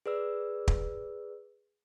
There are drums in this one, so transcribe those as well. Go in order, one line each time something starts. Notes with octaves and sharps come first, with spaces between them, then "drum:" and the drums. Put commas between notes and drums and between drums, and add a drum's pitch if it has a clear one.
G#4 B4 D5 E6
drum: kick